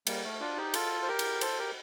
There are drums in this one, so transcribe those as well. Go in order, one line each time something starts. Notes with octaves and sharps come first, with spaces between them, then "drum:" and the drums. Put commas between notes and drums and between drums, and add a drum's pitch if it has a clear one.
G3 A#3, drum: cymbal
A3
D4 F4
D#4 G4
F4 A4, drum: cymbal
C5
G4 A#4
drum: cymbal
A4 C5, drum: cymbal
G4 A#4